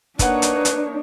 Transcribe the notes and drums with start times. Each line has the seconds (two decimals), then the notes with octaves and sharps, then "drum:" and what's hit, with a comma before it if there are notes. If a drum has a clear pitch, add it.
0.19 A#3 D4 D#4 B4 C#5 D5 F#5, drum: kick, hi-hat
0.42 drum: hi-hat
0.65 drum: hi-hat